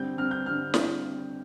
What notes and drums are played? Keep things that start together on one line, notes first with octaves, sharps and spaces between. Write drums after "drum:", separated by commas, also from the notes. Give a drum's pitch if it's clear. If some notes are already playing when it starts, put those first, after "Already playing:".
Already playing: D3 G3 C4 G6
D3 G3 C4 F6
G6
D3 G3 C4 F6
D3 G3 C4, drum: snare